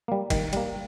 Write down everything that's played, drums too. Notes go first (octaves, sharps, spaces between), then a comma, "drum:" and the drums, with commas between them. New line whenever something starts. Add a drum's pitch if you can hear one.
G3 A#3
D#3, drum: kick, cymbal
G3 A#3, drum: cymbal